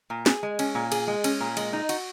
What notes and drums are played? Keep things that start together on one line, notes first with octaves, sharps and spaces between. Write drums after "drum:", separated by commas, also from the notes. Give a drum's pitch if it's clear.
A#2
G#4, drum: snare
G#3
C#4, drum: cymbal
A#2
G#4, drum: cymbal
G#3
C#4, drum: cymbal
A#2
G#3, drum: cymbal
D#4
F#4, drum: cymbal